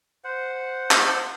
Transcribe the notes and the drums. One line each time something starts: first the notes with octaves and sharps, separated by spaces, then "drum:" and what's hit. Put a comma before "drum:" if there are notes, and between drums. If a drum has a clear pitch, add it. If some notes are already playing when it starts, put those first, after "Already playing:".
C5 F#5
drum: clap